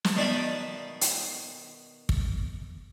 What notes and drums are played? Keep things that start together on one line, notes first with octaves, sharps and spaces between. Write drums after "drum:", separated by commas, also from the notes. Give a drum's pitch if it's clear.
drum: snare
B2 D#3 D4 D5 E5 B5
drum: hi-hat
drum: kick